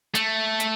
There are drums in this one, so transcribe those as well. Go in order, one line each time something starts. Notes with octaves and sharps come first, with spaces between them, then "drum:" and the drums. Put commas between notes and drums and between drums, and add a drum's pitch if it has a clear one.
A3, drum: hi-hat
drum: hi-hat